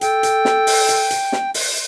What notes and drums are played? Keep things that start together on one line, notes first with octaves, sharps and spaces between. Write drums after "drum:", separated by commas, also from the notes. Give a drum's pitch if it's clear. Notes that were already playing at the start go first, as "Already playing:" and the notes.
A4 G5, drum: hi-hat
drum: hi-hat
drum: snare
drum: open hi-hat
drum: hi-hat
drum: hi-hat
drum: snare
drum: open hi-hat